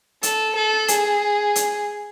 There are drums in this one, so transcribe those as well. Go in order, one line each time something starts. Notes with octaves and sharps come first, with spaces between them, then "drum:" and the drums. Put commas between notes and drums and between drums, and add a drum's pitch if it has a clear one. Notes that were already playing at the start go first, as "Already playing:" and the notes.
A4, drum: hi-hat
A4
G#4, drum: hi-hat
drum: hi-hat